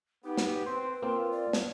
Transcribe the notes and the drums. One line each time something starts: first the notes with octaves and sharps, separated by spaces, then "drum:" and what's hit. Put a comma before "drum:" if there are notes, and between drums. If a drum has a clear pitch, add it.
B3 D#4 G4
drum: snare
C4 B4 C5
A#3 C4 F4
D5
drum: snare